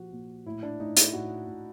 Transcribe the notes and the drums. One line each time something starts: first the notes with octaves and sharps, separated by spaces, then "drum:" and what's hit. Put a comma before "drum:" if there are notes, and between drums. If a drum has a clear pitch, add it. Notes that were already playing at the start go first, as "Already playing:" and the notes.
Already playing: A#2 F3 F#4 G4
A#2
A2 E4
D4
A2 D#4
E4, drum: hi-hat
A2 F#4
A2